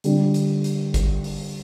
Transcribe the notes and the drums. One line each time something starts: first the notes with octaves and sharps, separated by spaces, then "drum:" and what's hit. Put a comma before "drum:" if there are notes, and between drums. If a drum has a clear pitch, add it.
D3 G3 D4, drum: hi-hat
drum: hi-hat
drum: hi-hat
drum: kick G#1, hi-hat
drum: open hi-hat